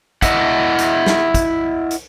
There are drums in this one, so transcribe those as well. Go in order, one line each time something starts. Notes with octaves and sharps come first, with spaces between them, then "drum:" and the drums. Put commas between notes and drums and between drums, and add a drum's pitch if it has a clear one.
E4 D#5 E5 F#5, drum: kick, hi-hat
drum: hi-hat
drum: snare
drum: kick, hi-hat
drum: hi-hat